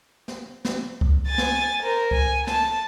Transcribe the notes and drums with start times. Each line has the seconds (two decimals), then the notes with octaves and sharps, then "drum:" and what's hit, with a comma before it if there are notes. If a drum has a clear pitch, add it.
0.28 drum: snare
0.65 drum: snare
1.01 drum: kick C#2
1.28 G#5 A6
1.38 drum: snare
1.83 A#4 C5
2.11 G#5, drum: kick C#2
2.47 A5, drum: snare